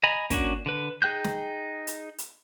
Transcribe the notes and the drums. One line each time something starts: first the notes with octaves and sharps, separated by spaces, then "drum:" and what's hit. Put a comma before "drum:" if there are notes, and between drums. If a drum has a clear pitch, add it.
D#5 G#5 A#5 B5
A#3 C#4 D4 F#4, drum: kick, hi-hat
D3 B4
D#4 G#4 G5 F#6 G6
drum: snare
drum: hi-hat
drum: hi-hat